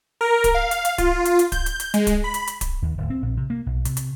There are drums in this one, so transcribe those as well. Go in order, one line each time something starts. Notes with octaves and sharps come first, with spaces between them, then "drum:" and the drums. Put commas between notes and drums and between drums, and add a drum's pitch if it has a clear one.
A#4
drum: kick D1, hi-hat
F5
drum: hi-hat
drum: hi-hat
F4, drum: kick D1, hi-hat
drum: hi-hat
drum: hi-hat
G6, drum: kick D1, hi-hat
drum: hi-hat
drum: hi-hat
G#3, drum: hi-hat
drum: kick D1, hi-hat
B5
drum: hi-hat
drum: hi-hat
drum: kick D1, hi-hat
D#2
D1
C4
A#1
C3
A#3
B1
C3, drum: hi-hat
drum: hi-hat